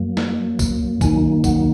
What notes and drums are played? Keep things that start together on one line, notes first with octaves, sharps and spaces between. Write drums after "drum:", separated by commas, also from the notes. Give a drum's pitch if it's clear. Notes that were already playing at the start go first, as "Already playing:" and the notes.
Already playing: F#2 F#3 A#3
drum: snare
drum: kick C2, tambourine
F#2 D#3 F#3 A#3 D#4 G#5, drum: kick C2, tambourine
F#5, drum: kick C2, tambourine